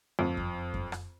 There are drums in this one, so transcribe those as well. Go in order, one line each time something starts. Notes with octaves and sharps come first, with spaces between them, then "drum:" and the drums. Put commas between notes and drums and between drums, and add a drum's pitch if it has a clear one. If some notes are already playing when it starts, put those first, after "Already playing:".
F2
drum: kick F#2
drum: kick F#2
drum: rim click